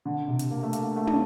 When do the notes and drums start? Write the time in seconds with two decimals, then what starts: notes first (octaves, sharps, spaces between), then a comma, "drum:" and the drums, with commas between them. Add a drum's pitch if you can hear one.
0.05 D3
0.28 C3
0.39 drum: hi-hat
0.51 A#3
0.63 A3
0.73 A#3, drum: hi-hat
0.96 A3
1.07 drum: tom